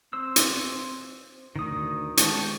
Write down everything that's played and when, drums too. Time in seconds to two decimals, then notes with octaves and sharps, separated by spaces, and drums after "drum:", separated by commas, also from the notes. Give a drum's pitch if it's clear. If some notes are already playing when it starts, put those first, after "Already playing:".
0.13 C4 C5 E6
0.36 drum: hi-hat
1.56 D2 D#3 D#6
2.17 G#3 G5 A5 C#6, drum: hi-hat